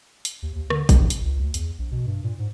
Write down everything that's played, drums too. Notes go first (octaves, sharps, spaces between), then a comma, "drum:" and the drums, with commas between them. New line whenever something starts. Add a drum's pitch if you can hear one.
drum: hi-hat
D#2
D#2
D3, drum: rim click
G1, drum: kick, hi-hat
drum: hi-hat
C#2
D2
E2, drum: hi-hat
A#1
B2
G2
A#2
G#2